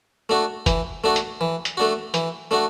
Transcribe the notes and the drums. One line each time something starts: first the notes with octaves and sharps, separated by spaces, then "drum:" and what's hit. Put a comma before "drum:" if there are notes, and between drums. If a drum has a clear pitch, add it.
A3 D4 F#4
E3, drum: kick, hi-hat
A3 D4 F#4
drum: hi-hat
E3
drum: hi-hat
A3 D4 F#4
E3, drum: hi-hat
A3 D4 F#4